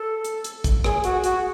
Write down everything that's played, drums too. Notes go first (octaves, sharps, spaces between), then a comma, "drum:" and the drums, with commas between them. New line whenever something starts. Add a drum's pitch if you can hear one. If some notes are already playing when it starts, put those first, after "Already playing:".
Already playing: A4
drum: hi-hat
drum: hi-hat
drum: kick, hi-hat
G#4, drum: rim click
F#4, drum: hi-hat
F#4, drum: hi-hat